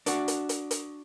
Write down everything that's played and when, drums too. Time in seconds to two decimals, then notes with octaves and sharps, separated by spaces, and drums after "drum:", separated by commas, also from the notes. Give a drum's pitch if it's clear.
0.06 D4 F#4, drum: hi-hat
0.28 drum: hi-hat
0.49 drum: hi-hat
0.71 drum: hi-hat